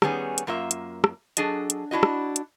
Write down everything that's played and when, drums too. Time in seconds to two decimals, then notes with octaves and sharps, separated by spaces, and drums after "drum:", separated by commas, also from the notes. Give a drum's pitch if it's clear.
0.02 D#3 G3 B3 C#4 G#4, drum: rim click
0.38 drum: hi-hat
0.47 F#2 A#3 F4 E5
0.71 drum: hi-hat
1.04 drum: rim click
1.37 F#3 D4 G#4 A4 D#5, drum: hi-hat
1.70 drum: hi-hat
1.91 D4 E4 F#4 D#5
2.03 drum: rim click
2.36 drum: hi-hat